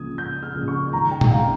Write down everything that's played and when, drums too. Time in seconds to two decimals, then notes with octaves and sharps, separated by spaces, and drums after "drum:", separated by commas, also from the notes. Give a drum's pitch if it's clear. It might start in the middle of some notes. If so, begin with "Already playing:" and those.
Already playing: C#2 C#3 F3 A#3 D#6 G#6
0.18 C#2 G6
0.43 F6
0.56 C#3 F3 A#3
0.68 C#6
0.93 D#2 A#5
1.11 G5
1.21 drum: tom
1.31 C#3 G#3 C4 F5